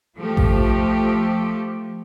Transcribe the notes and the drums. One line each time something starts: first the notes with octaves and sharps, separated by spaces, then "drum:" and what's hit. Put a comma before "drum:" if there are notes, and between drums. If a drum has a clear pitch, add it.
F3 A3 G4
drum: kick A1